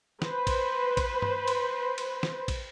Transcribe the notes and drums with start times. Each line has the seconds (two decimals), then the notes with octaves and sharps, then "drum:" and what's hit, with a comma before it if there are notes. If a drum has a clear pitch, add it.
0.22 B4 C5, drum: snare
0.47 drum: kick, cymbal
0.97 drum: kick, cymbal
1.22 drum: tom G2
1.48 drum: cymbal
1.98 drum: cymbal
2.23 drum: snare
2.48 drum: kick, cymbal